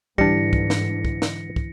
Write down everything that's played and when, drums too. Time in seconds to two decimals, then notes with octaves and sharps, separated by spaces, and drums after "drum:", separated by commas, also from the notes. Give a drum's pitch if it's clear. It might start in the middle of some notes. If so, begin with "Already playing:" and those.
0.18 G#2 D3 E3 G3 D4 A#6 C#7, drum: kick
0.53 drum: kick
0.70 drum: snare
1.05 drum: kick
1.22 drum: snare
1.56 drum: kick